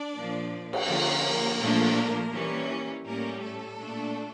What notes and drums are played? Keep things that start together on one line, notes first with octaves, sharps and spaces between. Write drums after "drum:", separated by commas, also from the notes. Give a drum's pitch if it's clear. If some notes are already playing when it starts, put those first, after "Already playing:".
Already playing: D4 D5
A#2 F3 A#3
drum: cymbal
D3 F3 A#3 C#4 A#4
A#2 F3 A3 D4
E3 G3 C#4
A2 G3 A#3 C#4 A#4
A3 A4
A#2 A3 D4